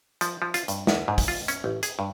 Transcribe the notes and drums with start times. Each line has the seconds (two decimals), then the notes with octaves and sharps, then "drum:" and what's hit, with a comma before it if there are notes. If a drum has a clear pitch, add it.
0.21 F3, drum: hi-hat
0.42 F3
0.54 F4, drum: hi-hat
0.68 G2, drum: hi-hat
0.87 E2, drum: snare
1.08 G#2
1.18 drum: kick, open hi-hat
1.28 F4
1.48 C#4, drum: hi-hat
1.64 A1
1.83 G#4, drum: hi-hat
1.99 G2